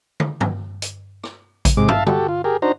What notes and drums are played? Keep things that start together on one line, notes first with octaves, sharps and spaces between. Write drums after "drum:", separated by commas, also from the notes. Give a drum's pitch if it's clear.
drum: tom
drum: tom
drum: hi-hat
drum: rim click
drum: kick A1, hi-hat
G#2 C3 G#3 D6
E5 F5 A5, drum: tom
F#4 G4 A4, drum: tom D3
F4
G4 G#4 A#4
D4 D#4 F#4 C5 A#5